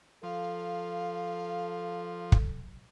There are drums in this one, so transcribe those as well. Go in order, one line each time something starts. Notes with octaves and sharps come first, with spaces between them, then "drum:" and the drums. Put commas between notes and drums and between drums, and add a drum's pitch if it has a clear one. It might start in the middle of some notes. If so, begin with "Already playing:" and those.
F3 A4 F5
drum: kick